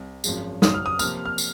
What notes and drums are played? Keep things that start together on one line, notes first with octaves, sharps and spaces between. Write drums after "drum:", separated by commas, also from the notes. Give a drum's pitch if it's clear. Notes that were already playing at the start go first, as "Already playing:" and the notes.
Already playing: C2
G#1 F#2 F3 G#3, drum: tambourine
F#1 F#2 C#3 F#3 D#6, drum: snare
F6
D#6
C3 F3 A#3 F6, drum: tambourine
F6
drum: tambourine